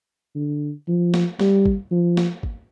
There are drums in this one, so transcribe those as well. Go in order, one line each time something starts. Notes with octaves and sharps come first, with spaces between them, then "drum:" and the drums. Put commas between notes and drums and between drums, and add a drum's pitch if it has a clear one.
D3
F3
drum: snare
G3, drum: snare
drum: kick
F3
drum: snare
drum: kick